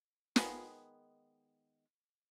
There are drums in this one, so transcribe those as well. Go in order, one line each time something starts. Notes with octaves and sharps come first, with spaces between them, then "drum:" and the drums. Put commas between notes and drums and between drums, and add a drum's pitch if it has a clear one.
D#3 G#3 B3, drum: snare